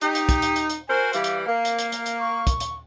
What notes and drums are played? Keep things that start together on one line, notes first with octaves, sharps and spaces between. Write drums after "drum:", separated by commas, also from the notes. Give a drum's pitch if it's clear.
D#4 G4, drum: hi-hat
drum: hi-hat
drum: kick, hi-hat
drum: hi-hat
drum: hi-hat
drum: hi-hat
F#4 A#4 C5 G#5
E3 G3 F5, drum: hi-hat
drum: hi-hat
A#3 F5
drum: hi-hat
drum: hi-hat
drum: hi-hat
drum: hi-hat
C#6
drum: kick, hi-hat
drum: hi-hat